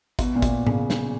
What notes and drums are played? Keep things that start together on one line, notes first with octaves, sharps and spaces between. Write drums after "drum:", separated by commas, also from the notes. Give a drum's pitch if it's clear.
B2, drum: kick, hi-hat
A#2
B2, drum: kick, hi-hat
C#3, drum: tom G#2
drum: snare